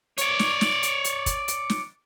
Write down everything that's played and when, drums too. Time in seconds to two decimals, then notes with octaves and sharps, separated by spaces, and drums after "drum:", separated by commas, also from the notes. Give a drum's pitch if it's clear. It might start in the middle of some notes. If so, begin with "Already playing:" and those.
0.18 C#5 D5, drum: hi-hat
0.39 drum: snare
0.61 drum: snare
0.83 drum: hi-hat
1.04 drum: hi-hat
1.26 drum: kick, hi-hat
1.48 drum: hi-hat
1.70 drum: snare